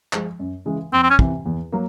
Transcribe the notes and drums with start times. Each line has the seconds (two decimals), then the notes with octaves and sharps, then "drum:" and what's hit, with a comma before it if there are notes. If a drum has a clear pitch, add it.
0.13 F3 G#3, drum: clap
0.40 F#2
0.65 C#3 E3 G#3
0.92 F2 C4
1.03 C4
1.10 C#4
1.19 C3 E3, drum: kick
1.46 E2
1.72 F#3 A#3